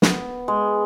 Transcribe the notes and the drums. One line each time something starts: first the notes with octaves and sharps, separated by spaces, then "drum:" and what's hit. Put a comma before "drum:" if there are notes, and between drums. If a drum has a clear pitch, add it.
B3, drum: snare
G#3